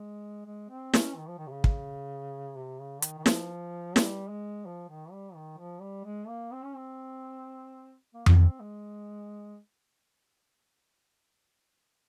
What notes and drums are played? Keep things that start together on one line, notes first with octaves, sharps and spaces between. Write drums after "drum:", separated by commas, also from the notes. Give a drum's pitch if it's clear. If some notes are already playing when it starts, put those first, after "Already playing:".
Already playing: G#3
G#3
C4
C#4, drum: snare
D#3
F3
D#3
C3
C#3
drum: kick
C3
C#3
D#3, drum: hi-hat
D#3
F3, drum: snare
G3, drum: snare
G#3
F3
D#3
G3
D#3
F3
G3
G#3
A#3
C4
C#4
C4
A#3
A#3, drum: tom F2
C4
G#3